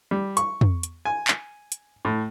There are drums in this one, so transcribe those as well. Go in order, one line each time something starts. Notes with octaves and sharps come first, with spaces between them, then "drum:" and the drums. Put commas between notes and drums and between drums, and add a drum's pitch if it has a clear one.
G3
C#6, drum: hi-hat
drum: tom
drum: hi-hat
G#5
drum: clap
drum: hi-hat
A2